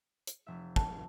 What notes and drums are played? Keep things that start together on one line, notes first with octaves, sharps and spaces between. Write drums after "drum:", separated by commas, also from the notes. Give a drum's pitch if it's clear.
drum: hi-hat
F1 E5
A5, drum: kick